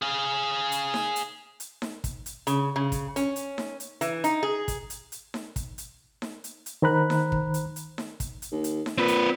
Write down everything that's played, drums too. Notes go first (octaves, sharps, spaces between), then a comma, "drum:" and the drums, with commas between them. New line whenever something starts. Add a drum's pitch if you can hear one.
G#4 F5
drum: hi-hat
drum: snare D#4
drum: hi-hat
drum: hi-hat
drum: snare D#4
drum: kick, hi-hat
drum: hi-hat
C#3, drum: hi-hat
C#3
drum: kick, hi-hat
C#4, drum: hi-hat
drum: hi-hat
drum: snare D#4
drum: hi-hat
E3, drum: hi-hat
D#4, drum: hi-hat
G#4
drum: kick, hi-hat
drum: hi-hat
drum: hi-hat
drum: snare D#4
drum: kick, hi-hat
drum: hi-hat
drum: snare D#4
drum: hi-hat
drum: hi-hat
D#3 C5 A#5 B5 F#6
drum: snare D#4
drum: kick
drum: hi-hat
drum: hi-hat
drum: snare D#4
drum: kick, hi-hat
drum: hi-hat
D#2
drum: hi-hat
drum: snare D#4
A#2 C4 B4
drum: hi-hat